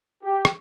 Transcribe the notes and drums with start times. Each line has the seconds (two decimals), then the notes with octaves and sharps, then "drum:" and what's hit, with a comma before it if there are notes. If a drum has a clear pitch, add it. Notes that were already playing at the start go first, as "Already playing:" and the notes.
0.24 G4
0.45 drum: rim click